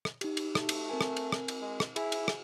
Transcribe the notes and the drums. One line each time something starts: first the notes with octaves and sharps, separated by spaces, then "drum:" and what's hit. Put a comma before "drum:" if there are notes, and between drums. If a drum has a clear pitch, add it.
drum: rim click
D#4 G4, drum: cymbal
drum: cymbal
A3, drum: rim click
drum: cymbal
C4 A#4 G#5
drum: rim click
drum: cymbal
drum: rim click
drum: cymbal
G#3
drum: rim click
E4 G#4 G#5, drum: cymbal
drum: cymbal
drum: rim click